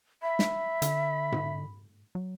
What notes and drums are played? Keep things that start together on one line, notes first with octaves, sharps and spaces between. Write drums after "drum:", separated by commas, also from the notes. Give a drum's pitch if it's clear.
E5 B5
drum: snare
D3, drum: hi-hat
drum: tom G#2
F#3